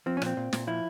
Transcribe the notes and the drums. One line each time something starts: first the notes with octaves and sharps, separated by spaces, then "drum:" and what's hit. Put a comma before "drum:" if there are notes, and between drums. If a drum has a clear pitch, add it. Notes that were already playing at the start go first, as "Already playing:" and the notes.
F3 C4
C#4
A#2 C4, drum: rim click
A#2
A#2, drum: snare
F3 E4